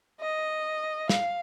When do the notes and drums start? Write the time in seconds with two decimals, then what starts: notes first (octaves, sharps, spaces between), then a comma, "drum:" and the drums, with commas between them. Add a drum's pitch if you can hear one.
0.20 D#5
1.09 F5, drum: snare